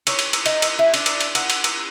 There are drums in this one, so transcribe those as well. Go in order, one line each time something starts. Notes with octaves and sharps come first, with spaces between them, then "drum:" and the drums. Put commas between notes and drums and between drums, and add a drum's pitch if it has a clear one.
C#5, drum: cymbal
drum: cymbal
drum: cymbal
D#4, drum: cymbal
drum: cymbal
E4
D4, drum: cymbal
drum: cymbal
drum: cymbal
F#5, drum: cymbal
drum: cymbal
drum: cymbal